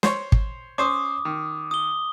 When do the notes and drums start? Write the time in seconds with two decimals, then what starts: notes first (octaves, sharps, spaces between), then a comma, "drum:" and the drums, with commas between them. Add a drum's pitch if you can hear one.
0.03 C5 C#5, drum: snare
0.32 drum: kick
0.78 C#4 C5 D6 D#6
1.25 D#3
1.71 D#6 G7